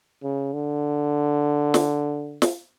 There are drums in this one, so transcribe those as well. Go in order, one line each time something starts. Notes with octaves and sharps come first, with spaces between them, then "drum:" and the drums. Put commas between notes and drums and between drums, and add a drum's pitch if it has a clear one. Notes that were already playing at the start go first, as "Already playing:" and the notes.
C#3
D3
drum: snare
drum: snare